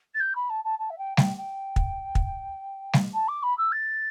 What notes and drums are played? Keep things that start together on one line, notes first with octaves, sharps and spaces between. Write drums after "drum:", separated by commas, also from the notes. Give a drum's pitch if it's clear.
A6
G6
B5
A5
A5
A5
E5
G5
G5, drum: snare
G5
drum: kick
drum: kick
drum: snare
A5
D6
B5
E6
A6